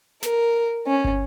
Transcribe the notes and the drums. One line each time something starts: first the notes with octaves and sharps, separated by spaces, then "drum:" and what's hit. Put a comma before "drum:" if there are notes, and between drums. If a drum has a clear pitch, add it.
A#4, drum: snare
C#4
drum: kick